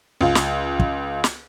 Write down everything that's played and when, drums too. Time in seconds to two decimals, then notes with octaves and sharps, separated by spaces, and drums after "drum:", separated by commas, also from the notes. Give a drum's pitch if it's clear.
0.21 C#2 F4
0.35 drum: snare
0.80 drum: kick
1.24 drum: snare